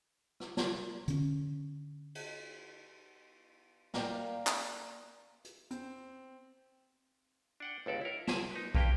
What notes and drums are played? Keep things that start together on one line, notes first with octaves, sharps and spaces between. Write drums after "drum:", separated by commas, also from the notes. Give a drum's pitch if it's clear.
drum: rim click
drum: snare
D3 C#4, drum: hi-hat
drum: cymbal
A#3 A#4 D5 D#5 F5 G5, drum: snare
drum: clap
drum: hi-hat
C4, drum: hi-hat
D4 F#5 G5
G1 C#2 A4 D5
E4 A#4
G#4 E5, drum: snare
D#4 B4
G2 A#3 G4 B4 G5, drum: kick